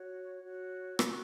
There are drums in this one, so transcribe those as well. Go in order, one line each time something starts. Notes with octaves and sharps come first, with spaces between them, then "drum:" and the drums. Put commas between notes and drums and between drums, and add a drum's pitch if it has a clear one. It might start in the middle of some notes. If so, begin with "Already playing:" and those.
Already playing: F#4 C#5
F#4 C#5
E6, drum: rim click
F#4 C#6